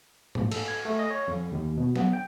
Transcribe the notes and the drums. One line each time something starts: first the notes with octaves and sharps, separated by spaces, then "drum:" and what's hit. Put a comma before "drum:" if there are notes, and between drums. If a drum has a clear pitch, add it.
A2, drum: tom G#2
A4, drum: cymbal
G#6
A3
D#5
C#5
F2
D#2
B2
B3, drum: snare
G5